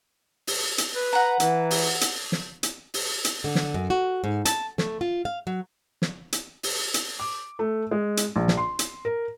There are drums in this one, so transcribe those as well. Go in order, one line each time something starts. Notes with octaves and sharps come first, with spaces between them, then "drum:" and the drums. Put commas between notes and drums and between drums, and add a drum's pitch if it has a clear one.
drum: open hi-hat
drum: hi-hat
B4
F#5 A#5
E3, drum: hi-hat
drum: open hi-hat
drum: hi-hat
drum: snare
drum: hi-hat
drum: open hi-hat
drum: hi-hat
D3
drum: snare
F#2
F#4
G#2
A5, drum: hi-hat
A3, drum: snare
F4
F5
F#3
drum: snare
drum: hi-hat
drum: open hi-hat
drum: hi-hat
D6
A3
G#3
drum: hi-hat
A#1
drum: snare
C6
drum: hi-hat
A#4